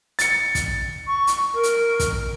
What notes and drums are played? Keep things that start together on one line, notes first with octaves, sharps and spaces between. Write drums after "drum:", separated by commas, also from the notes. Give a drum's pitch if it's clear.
A6 C#7, drum: hi-hat
drum: kick, hi-hat
C#6
drum: hi-hat
A#4
drum: hi-hat
drum: kick, hi-hat